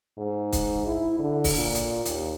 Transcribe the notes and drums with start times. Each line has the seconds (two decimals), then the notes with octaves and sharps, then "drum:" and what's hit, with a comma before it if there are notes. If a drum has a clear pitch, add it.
0.18 G#2
0.52 drum: kick, hi-hat
0.87 E4
1.19 D3
1.44 drum: kick, open hi-hat
1.56 A#2
1.75 drum: hi-hat
2.05 D#2, drum: hi-hat